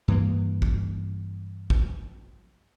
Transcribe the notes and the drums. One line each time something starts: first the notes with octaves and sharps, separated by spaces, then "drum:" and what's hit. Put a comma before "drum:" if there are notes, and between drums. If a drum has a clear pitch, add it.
G2 E3 A#3
drum: kick
drum: kick